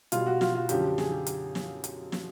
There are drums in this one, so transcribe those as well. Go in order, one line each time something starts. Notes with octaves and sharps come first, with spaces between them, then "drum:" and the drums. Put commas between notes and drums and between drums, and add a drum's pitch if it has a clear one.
B2 G3 F4, drum: hi-hat
F#4
F4, drum: snare
F4
F#2 D3 F3 G4, drum: hi-hat
G#4, drum: snare
G4
drum: hi-hat
drum: snare
drum: hi-hat
drum: snare